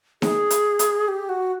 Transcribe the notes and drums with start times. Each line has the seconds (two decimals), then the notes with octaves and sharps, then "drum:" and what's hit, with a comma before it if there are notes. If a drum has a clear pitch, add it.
0.22 G#4, drum: snare D#4
0.50 drum: hi-hat
0.79 drum: hi-hat
1.08 G4
1.29 F#4